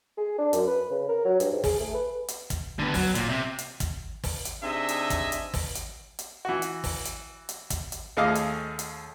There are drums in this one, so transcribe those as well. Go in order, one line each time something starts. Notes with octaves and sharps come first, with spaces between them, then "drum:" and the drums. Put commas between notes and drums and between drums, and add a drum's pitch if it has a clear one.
G#4
D4
F#2, drum: hi-hat
B4
C#3
A#4
F#3
G2, drum: hi-hat
G#2
G#4, drum: kick, open hi-hat
A3
B4
drum: hi-hat
drum: kick, hi-hat
D3 B3
F#3, drum: kick, open hi-hat
A#2, drum: hi-hat
C3
drum: hi-hat
drum: kick, hi-hat
drum: kick, open hi-hat
drum: hi-hat
C3 D4 D#4 G#4 D#5 E5
drum: hi-hat
drum: kick, hi-hat
drum: hi-hat
drum: kick, open hi-hat
drum: hi-hat
drum: hi-hat
E3 F#4
drum: hi-hat
drum: kick, open hi-hat
drum: hi-hat
drum: hi-hat
drum: kick, hi-hat
drum: hi-hat
D#2 A3 G#4 D#5 F5 D6
drum: hi-hat
drum: hi-hat